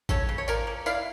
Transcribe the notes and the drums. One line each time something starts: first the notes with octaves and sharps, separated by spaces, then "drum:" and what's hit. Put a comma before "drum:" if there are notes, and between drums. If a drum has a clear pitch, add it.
C#3 A4 C#5, drum: kick G#1, tambourine
C#3
C#5
F3 A#4 D5, drum: tambourine
A#3
E4 D5 F5, drum: tambourine